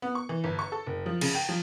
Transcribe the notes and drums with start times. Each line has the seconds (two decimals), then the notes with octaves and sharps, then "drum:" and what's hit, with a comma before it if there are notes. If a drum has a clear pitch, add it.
0.02 B3
0.15 C#6
0.29 E3
0.44 G1
0.59 C#6
0.72 A4
0.86 F#1
1.06 F3
1.21 C#3, drum: cymbal
1.35 G5
1.49 F3